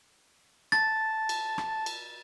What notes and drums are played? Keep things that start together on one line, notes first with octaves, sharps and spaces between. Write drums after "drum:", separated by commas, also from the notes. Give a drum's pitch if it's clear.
A5 A6, drum: rim click
drum: cymbal
drum: rim click
drum: cymbal